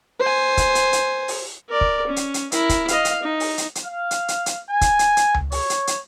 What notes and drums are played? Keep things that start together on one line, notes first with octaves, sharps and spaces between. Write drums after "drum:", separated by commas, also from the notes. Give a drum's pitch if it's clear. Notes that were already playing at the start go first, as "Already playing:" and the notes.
C5 G#5
drum: kick, hi-hat
drum: hi-hat
drum: hi-hat
drum: open hi-hat
A#4 D5
drum: kick
C#4
drum: hi-hat
drum: hi-hat
E4 A#4, drum: hi-hat
drum: kick, hi-hat
D#5 F5, drum: hi-hat
drum: hi-hat
D#4
drum: open hi-hat
drum: hi-hat
drum: hi-hat
F5
drum: hi-hat
drum: hi-hat
drum: hi-hat
G#5
drum: kick, hi-hat
drum: hi-hat
drum: hi-hat
drum: tom C#2
C#5, drum: open hi-hat
drum: hi-hat
drum: hi-hat